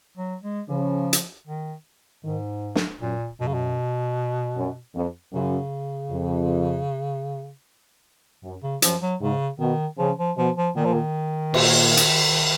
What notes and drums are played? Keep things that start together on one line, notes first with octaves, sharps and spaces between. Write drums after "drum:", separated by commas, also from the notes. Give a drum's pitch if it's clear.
F#3
G#3
C#3 F3
drum: hi-hat
D#3
G#2 D#3
drum: snare
F#2 A#2
F#2 B2
C#3
B2
F#2
F2
F#2 C#3
F2
F#2
C#3
F#2 F3, drum: hi-hat
F#3
G#2 C#3
B2 D#3
C#3 F3
F3
B2 F3
F3
A#2 D#3
F3
D#3
A#2, drum: cymbal
drum: hi-hat